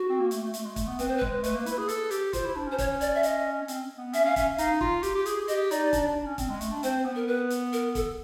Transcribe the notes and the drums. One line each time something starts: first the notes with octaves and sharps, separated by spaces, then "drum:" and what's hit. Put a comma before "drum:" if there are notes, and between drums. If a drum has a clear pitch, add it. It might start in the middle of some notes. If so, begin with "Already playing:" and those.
Already playing: F#4
C4
A#3
A3, drum: hi-hat
A3
A3, drum: hi-hat
G#3
A3, drum: kick, hi-hat
B3
C4 B4, drum: hi-hat
C5
B4
G#3, drum: kick
A3 B4, drum: hi-hat
A#3
E4, drum: hi-hat
G#4
A4, drum: hi-hat
G4, drum: hi-hat
F4 C5, drum: kick, hi-hat
E4
D4
C#4 C5
C#5, drum: kick, hi-hat
D5, drum: hi-hat
E5
D#5, drum: hi-hat
C#4
C4, drum: hi-hat
B3
C#4 E5, drum: hi-hat
C#4 F5
C#4 E5, drum: kick, hi-hat
D#4 F5, drum: hi-hat
F4, drum: kick
G4, drum: hi-hat
G4
G#4, drum: hi-hat
G#4
G4 D#5, drum: hi-hat
D#4 D5, drum: hi-hat
D4, drum: kick, hi-hat
D4
D4
C#4
C4, drum: kick, hi-hat
G#3
A3, drum: hi-hat
D4
C4 C5, drum: hi-hat
B3
A#4
B4
drum: hi-hat
A#4, drum: hi-hat
A4, drum: kick, hi-hat